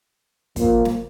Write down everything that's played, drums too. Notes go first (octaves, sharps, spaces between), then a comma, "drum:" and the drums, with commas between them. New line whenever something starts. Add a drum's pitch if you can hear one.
A#2 F3 A#3, drum: kick, hi-hat
drum: snare